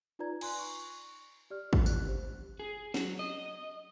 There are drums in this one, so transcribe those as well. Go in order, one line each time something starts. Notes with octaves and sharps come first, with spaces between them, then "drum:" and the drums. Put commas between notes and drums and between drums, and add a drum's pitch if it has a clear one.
D#4 F4 B4 D5 A#5 G#6
G#5 C6 F#6, drum: cymbal
C#6
G4 D5 F6
drum: kick
F#6, drum: tambourine
G4 C5
G#4
F#3, drum: snare
D#5